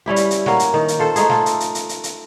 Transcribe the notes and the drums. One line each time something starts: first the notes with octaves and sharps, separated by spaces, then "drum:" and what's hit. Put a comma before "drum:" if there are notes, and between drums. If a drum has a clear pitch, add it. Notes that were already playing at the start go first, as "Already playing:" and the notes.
G3 C#4 E4 G4
drum: hi-hat
drum: hi-hat
A#3 C#4 F#4, drum: snare
drum: hi-hat
D#3
drum: hi-hat
F4 A4 C5
A3 D#4 G#4, drum: hi-hat
F4 A4, drum: snare
drum: hi-hat
drum: hi-hat
drum: hi-hat
drum: hi-hat
drum: hi-hat